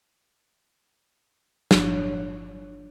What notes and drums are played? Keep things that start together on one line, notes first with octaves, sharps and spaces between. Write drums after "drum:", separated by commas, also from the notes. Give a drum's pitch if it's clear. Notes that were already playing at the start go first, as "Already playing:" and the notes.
G1 F3 D4 C#5 F#6, drum: snare